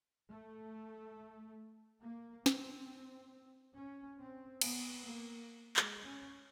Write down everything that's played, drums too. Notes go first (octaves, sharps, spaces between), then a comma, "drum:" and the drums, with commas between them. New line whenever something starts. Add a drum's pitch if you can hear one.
A3
A#3
C4, drum: snare
C#4
C4
B3, drum: cymbal
A#3
G#3, drum: clap
C#4